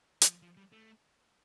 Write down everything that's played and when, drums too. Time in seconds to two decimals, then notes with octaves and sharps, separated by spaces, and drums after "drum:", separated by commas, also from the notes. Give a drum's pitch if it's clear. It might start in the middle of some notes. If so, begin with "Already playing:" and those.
0.22 E3, drum: hi-hat
0.27 F3
0.42 F3
0.57 G3
0.72 A3